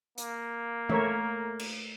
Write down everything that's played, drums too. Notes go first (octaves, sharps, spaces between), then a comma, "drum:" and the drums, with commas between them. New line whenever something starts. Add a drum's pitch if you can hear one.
A#3, drum: hi-hat
A3 A#4 C#5 E5, drum: tom E3
drum: cymbal